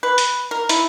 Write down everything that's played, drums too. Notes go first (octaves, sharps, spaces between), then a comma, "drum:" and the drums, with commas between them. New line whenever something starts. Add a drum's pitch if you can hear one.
B4
drum: hi-hat
A#4
E4, drum: hi-hat